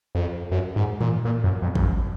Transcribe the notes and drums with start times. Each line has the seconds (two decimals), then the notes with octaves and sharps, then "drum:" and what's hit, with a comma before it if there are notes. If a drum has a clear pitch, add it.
0.15 F2
0.52 F#2
0.76 G#2
1.01 A#2, drum: tom D#3
1.25 A#2
1.44 F#2
1.62 F2
1.75 F2, drum: kick
1.81 F#2